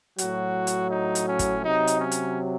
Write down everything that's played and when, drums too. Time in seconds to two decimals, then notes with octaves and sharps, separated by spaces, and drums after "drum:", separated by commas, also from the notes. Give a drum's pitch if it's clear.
0.18 A2 F#3 F#4, drum: hi-hat
0.67 drum: hi-hat
0.91 D#4
1.15 drum: hi-hat
1.27 C#4
1.39 drum: kick, hi-hat
1.63 C3 F#3 D#4
1.87 drum: hi-hat
2.00 C#4
2.12 drum: hi-hat